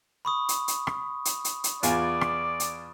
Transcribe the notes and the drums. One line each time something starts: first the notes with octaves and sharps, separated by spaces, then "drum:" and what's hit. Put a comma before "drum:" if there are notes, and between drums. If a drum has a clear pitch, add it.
B5 C#6 D#6
drum: hi-hat
drum: hi-hat
drum: rim click
drum: hi-hat
drum: hi-hat
drum: hi-hat
E2 F4 D5 G#5, drum: hi-hat
drum: rim click
drum: hi-hat